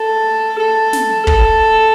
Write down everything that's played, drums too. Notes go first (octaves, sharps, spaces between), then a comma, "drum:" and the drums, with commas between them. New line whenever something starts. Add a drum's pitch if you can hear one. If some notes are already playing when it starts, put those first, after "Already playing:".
Already playing: A4
A4
drum: snare
A4, drum: kick